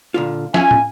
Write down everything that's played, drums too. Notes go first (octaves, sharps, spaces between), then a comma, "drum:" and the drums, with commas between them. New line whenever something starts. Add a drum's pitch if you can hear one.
A#2 D3 F4
C#4 F4 E5 G#5, drum: snare
drum: tom